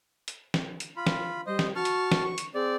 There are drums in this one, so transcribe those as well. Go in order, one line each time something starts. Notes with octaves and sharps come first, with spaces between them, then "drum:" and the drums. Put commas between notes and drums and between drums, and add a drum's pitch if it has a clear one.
drum: hi-hat
drum: snare
drum: hi-hat
F4 B5
drum: snare
G3 C5 D#5
drum: snare
F#4 A5 C#6 F6
drum: hi-hat
drum: snare
C#6
drum: hi-hat
C4 G#4 D5